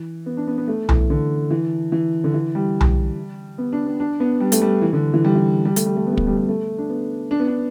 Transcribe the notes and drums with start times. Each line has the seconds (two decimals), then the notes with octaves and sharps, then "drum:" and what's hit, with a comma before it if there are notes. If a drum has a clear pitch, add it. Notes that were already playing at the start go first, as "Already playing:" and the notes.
Already playing: E3
0.26 B3
0.37 D4
0.47 B3
0.58 B3
0.68 A3
0.89 E3, drum: tom B1
1.10 D3
1.51 E3
1.92 E3
2.24 D3
2.34 E3
2.55 G3
2.81 drum: tom B1
3.58 B3
3.73 D4
3.86 B3
4.00 D4
4.20 B3
4.40 G3
4.52 A3, drum: hi-hat
4.62 G3
4.82 E3
4.93 D3
5.14 E3
5.25 G3
5.35 E3
5.65 G3
5.76 A3, drum: hi-hat
5.86 G3
5.97 A3
6.07 B3
6.13 A3
6.17 B3, drum: kick
6.27 G3
6.37 G3
6.49 A3
6.78 D4
6.89 B3
7.31 D4
7.40 B3
7.48 D4